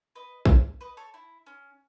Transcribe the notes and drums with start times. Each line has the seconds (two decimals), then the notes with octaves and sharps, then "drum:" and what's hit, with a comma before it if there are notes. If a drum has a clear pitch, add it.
0.15 B4 D#5
0.45 drum: kick A#1
0.81 B4 D#5
0.97 A4 C#5
1.14 E4
1.47 C#4